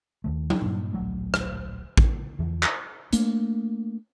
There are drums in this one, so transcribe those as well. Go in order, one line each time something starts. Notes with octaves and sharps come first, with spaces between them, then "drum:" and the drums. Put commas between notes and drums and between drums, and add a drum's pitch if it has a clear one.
D#2 D#3 A3
drum: tom F#3
G2 A#2
D1 A#1 F#3 A3
drum: rim click
drum: kick A1
E2 E3 F3
drum: clap
A3 A#3 D4, drum: hi-hat